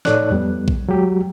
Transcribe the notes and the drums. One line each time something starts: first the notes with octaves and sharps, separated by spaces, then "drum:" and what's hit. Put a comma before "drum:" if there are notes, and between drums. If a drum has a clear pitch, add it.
A2 D#4 A4 C#5 D5 F#6, drum: snare
F2 G3 B3
drum: kick A#1
F#3 G#3 F#4 G4